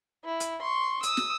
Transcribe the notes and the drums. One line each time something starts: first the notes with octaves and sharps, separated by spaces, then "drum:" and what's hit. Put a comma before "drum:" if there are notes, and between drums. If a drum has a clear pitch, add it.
E4
drum: hi-hat
C6 C#6
D#6 E6, drum: hi-hat
drum: snare